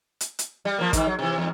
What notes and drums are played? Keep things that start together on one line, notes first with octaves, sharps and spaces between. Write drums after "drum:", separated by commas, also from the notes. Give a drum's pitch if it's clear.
drum: hi-hat
drum: hi-hat
G3
F3 A#3
G#2 D#3, drum: kick, hi-hat
F#3
C3 E3
E2 G#2